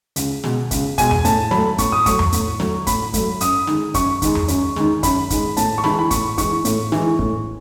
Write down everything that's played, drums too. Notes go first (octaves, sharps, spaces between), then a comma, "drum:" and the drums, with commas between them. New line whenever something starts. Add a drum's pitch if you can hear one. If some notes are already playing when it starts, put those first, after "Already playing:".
C#2, drum: hi-hat
B2 G#3, drum: snare
C#2, drum: kick, hi-hat
B2 G#3 G#5, drum: kick, hi-hat
drum: tom E2
A2 A5, drum: hi-hat
F#3 A3 B5, drum: snare
A2 C#6, drum: kick, hi-hat
D#6
F#3 A3 C#6, drum: kick, hi-hat
drum: tom E2
A2, drum: hi-hat
F#3 A3, drum: snare
A2 B5, drum: kick, hi-hat
F#3 A3, drum: kick, hi-hat
F#2 D#6, drum: hi-hat
D#3 G#3, drum: snare
F#2 C#6, drum: kick, hi-hat
D#3 G#3, drum: kick, hi-hat
drum: tom E2
F#2, drum: hi-hat
D#3 G#3, drum: snare
F#2 B5, drum: kick, hi-hat
D#3 G#3, drum: kick, hi-hat
A2 A5, drum: hi-hat
C#6
E3 G#3 B5, drum: snare
B5
A2 C#6, drum: kick, hi-hat
E3 G#3 C#6, drum: kick, hi-hat
A2, drum: hi-hat
E3 G#3, drum: snare
A2, drum: kick